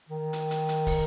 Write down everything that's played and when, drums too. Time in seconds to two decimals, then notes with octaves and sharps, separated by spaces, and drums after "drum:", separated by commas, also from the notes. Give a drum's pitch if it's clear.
0.09 D#3
0.33 drum: hi-hat
0.51 drum: hi-hat
0.69 drum: hi-hat
0.87 drum: kick, open hi-hat